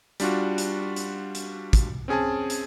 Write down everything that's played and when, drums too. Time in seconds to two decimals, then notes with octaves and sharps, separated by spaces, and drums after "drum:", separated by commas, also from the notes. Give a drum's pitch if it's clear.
0.20 G3 D4 F4 F#4, drum: hi-hat
0.58 drum: hi-hat
0.96 drum: hi-hat
1.35 drum: hi-hat
1.73 drum: kick, hi-hat
2.08 C4 C#4 G#4 G#5 A5
2.50 drum: hi-hat